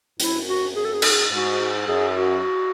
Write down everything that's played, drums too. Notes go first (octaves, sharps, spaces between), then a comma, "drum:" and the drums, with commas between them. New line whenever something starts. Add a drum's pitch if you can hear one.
F#2 E4, drum: hi-hat
F#4
G#4
A4
G#4
A4, drum: cymbal
G#4
G#2 F#4
F#2 G#4
F#4